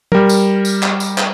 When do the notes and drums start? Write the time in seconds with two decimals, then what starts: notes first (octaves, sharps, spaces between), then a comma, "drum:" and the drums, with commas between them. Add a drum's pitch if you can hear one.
0.12 G3 A#4, drum: tom
0.29 drum: tambourine
0.65 drum: tambourine
0.83 drum: clap
1.00 drum: tambourine
1.18 drum: clap